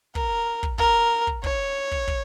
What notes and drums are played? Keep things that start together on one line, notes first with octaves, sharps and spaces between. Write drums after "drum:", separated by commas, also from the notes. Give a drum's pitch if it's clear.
A#4, drum: kick
drum: kick
A#4, drum: kick
drum: kick
C#5, drum: kick
drum: kick
drum: kick